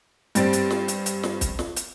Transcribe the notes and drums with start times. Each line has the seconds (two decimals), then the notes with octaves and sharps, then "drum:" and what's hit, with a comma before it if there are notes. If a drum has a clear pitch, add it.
0.35 G2 G3 C4 A6 D7, drum: hi-hat
0.53 drum: hi-hat
0.71 drum: snare
0.88 drum: hi-hat
1.06 drum: hi-hat
1.23 drum: snare
1.41 drum: kick, hi-hat
1.59 drum: snare
1.76 drum: hi-hat